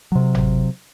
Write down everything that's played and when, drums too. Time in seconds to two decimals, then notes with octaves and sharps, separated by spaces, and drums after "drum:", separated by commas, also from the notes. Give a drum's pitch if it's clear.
0.12 C3 F#3
0.35 drum: tom G1